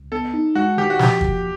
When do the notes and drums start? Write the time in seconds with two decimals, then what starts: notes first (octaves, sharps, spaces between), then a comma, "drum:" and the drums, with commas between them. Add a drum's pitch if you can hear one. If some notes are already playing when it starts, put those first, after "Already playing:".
Already playing: C#2
0.12 B3 A4
0.34 D#4
0.55 G#3 F#4
0.77 D#3 G4
0.90 F#4
0.99 F3 G4, drum: snare
1.21 D#2, drum: kick